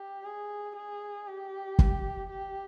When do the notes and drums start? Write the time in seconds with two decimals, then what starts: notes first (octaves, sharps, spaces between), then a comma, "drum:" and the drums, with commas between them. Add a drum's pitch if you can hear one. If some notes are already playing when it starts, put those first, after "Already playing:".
Already playing: G4
0.25 G#4
0.76 G#4
1.27 G4
1.79 drum: kick
2.30 G4